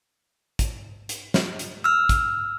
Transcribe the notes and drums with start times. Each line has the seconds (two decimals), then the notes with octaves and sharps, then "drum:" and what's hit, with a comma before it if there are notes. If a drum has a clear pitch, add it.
0.59 drum: kick, hi-hat
1.09 drum: hi-hat
1.34 drum: snare
1.59 drum: hi-hat
1.84 E6 F6
2.09 drum: kick, hi-hat